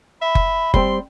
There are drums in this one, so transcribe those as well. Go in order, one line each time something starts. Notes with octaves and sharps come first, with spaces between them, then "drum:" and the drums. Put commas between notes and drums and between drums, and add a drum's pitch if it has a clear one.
E5 B5
drum: kick F#1
G3 C4 C6, drum: kick F#1